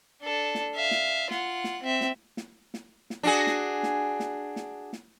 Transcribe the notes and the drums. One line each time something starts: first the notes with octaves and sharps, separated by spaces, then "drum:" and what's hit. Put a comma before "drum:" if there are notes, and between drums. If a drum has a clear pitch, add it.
D4 A4
drum: snare
E5 F5
drum: snare
F4 F#5, drum: snare
drum: snare
C4 E5
drum: snare
drum: snare
drum: snare
drum: snare
D4 F#4 G#4
drum: snare
drum: snare
drum: snare
drum: snare
drum: snare